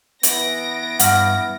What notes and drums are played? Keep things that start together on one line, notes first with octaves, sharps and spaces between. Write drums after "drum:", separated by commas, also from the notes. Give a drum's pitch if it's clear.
E3 B3 A#6 D7, drum: hi-hat
G2 F#5 F6, drum: hi-hat